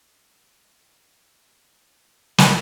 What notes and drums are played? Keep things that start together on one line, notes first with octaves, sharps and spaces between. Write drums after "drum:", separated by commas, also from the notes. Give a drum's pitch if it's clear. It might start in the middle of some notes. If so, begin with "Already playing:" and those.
G#4 A5 G#6 A6
drum: snare